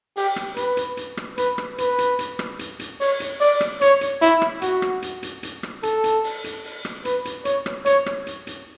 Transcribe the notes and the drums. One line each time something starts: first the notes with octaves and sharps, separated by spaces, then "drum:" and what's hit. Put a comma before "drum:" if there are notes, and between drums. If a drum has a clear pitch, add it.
G4, drum: open hi-hat
drum: rim click
B4, drum: hi-hat
drum: hi-hat
drum: hi-hat
drum: rim click
B4, drum: hi-hat
drum: rim click
B4, drum: hi-hat
drum: hi-hat
drum: hi-hat
drum: rim click
drum: hi-hat
drum: hi-hat
C#5, drum: open hi-hat
drum: hi-hat
D5, drum: open hi-hat
drum: rim click
C#5, drum: hi-hat
drum: hi-hat
E4, drum: hi-hat
drum: rim click
F#4, drum: hi-hat
drum: rim click
drum: hi-hat
drum: hi-hat
drum: hi-hat
drum: rim click
A4, drum: hi-hat
drum: hi-hat
drum: open hi-hat
drum: hi-hat
drum: open hi-hat
drum: rim click
B4, drum: hi-hat
drum: hi-hat
C#5, drum: hi-hat
drum: rim click
C#5, drum: hi-hat
drum: rim click
drum: hi-hat
drum: hi-hat